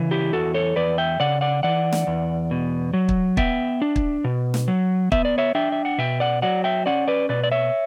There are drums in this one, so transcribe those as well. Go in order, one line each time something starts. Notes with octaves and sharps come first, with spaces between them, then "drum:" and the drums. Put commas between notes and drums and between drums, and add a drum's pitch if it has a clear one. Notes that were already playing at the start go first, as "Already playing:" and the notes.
Already playing: C#3 E3
E4 G4
E2 F#4 A4
A4 C#5
E2 B4 D5
E5 G5
C#3 D5 F#5
D5 F#5
E3 D5 F#5
drum: snare
E2
B2
F#3
drum: kick
B3 E5 G5, drum: kick
D4
drum: kick
B2
drum: snare
F#3
B3 E5, drum: kick
D5
C#5 E5
D4 E5 G5
E5
F#5
B2 E5 G5
D5 F#5
F#3 D5 F#5
E5 G5
C#4 D5 F#5
B4 D5
B2 B4 D5
D5
C#5 E5